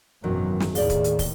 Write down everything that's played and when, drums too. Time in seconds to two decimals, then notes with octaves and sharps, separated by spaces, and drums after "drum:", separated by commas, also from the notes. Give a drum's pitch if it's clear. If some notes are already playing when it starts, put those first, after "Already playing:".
0.24 G#1 F#2 B2 D#3 E3 F#3
0.60 drum: snare
0.75 D#2 A2 D#3 G#4 D5 F5, drum: open hi-hat
0.90 drum: kick, hi-hat
1.04 drum: hi-hat
1.19 drum: kick, open hi-hat